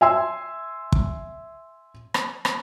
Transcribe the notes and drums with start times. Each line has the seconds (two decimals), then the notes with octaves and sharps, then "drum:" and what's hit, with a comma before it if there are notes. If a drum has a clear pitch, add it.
0.01 E5 G#5 C6 E6
0.92 drum: kick
2.14 drum: rim click
2.45 drum: rim click